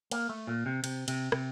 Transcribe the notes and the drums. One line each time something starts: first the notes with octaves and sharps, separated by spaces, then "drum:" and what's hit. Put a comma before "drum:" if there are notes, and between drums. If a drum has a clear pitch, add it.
A#3, drum: cymbal
A3
A#2
C3
C3, drum: cymbal
C3, drum: cymbal
C3, drum: rim click